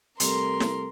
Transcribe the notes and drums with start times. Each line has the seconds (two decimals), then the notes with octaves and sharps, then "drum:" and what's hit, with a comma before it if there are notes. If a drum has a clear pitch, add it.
0.20 C3 G3 A3 A#4 C6, drum: hi-hat
0.60 drum: snare